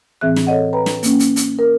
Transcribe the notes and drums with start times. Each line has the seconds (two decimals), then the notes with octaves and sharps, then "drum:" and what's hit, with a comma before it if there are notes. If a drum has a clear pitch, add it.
0.21 A2 E3 C4 G#4 E5 F#6
0.36 drum: snare
0.47 A4 C#5 D#5 F#5
0.73 B4 G5 A#5 B5
0.86 drum: snare
1.03 A#3 C#4, drum: hi-hat
1.19 drum: hi-hat
1.36 drum: hi-hat
1.59 A#4